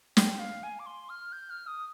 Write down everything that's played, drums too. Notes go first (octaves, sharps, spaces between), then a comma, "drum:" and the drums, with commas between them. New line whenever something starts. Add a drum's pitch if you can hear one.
G5, drum: snare
F5
G#5
D6
C6
F6
G6
F6
D#6